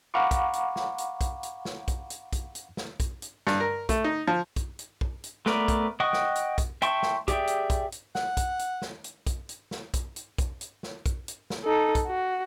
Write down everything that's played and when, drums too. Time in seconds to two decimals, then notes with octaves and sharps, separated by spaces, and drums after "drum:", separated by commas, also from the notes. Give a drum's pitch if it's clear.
0.14 F5 F#5 A#5 B5 C#6 D6
0.31 drum: kick, hi-hat
0.53 drum: hi-hat
0.76 drum: snare
0.98 drum: hi-hat
1.21 drum: kick, hi-hat
1.43 drum: hi-hat
1.65 drum: snare
1.88 drum: kick, hi-hat
2.10 drum: hi-hat
2.33 drum: kick, hi-hat
2.55 drum: hi-hat
2.77 drum: snare
3.00 drum: kick, hi-hat
3.22 drum: hi-hat
3.47 G2, drum: snare
3.60 A#4
3.89 A3, drum: kick, hi-hat
4.04 D#4
4.27 F3
4.56 drum: kick, hi-hat
4.79 drum: hi-hat
5.01 drum: kick
5.24 drum: hi-hat
5.46 A3 B3 A#4 B4 D5, drum: snare
5.68 drum: kick, hi-hat
6.00 D#5 F#5 G5 C#6 D#6
6.13 drum: snare
6.35 drum: hi-hat
6.58 drum: kick, hi-hat
6.82 E5 G5 A5 C6 C#6, drum: hi-hat
7.03 drum: snare
7.28 G4 G#4 D5 E5 G5, drum: kick, hi-hat
7.47 drum: hi-hat
7.70 drum: kick, hi-hat
7.92 drum: hi-hat
8.15 F#5, drum: snare
8.37 drum: kick, hi-hat
8.59 drum: hi-hat
8.82 drum: snare
9.04 drum: hi-hat
9.27 drum: kick, hi-hat
9.49 drum: hi-hat
9.71 drum: snare
9.94 drum: kick, hi-hat
10.16 drum: hi-hat
10.38 drum: kick, hi-hat
10.61 drum: hi-hat
10.83 drum: snare
11.06 drum: kick, hi-hat
11.28 drum: hi-hat
11.50 drum: snare
11.65 D#4 A4
11.95 drum: kick, hi-hat
12.07 F#4